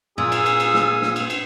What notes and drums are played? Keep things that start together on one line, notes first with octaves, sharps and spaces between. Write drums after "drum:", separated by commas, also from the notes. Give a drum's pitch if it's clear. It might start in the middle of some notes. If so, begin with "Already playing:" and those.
A#2 F4 G#4 G#5 D#6 E6
drum: cymbal
drum: cymbal
drum: cymbal
drum: snare
drum: snare
drum: cymbal
drum: cymbal